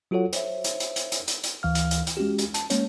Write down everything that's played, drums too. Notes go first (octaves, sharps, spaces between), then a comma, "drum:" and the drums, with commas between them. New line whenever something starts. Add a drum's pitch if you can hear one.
F#3 F4 F#4 A4 C#5 F#5
C5 C#5 E5, drum: hi-hat
drum: hi-hat
drum: hi-hat
drum: hi-hat
drum: hi-hat
drum: hi-hat
drum: hi-hat
D2 E3 F5 F6
drum: hi-hat
drum: hi-hat
drum: hi-hat
G#3 C#4 F#4 G4
drum: hi-hat
A5, drum: hi-hat
G#3 A#3 C#4 C#5, drum: hi-hat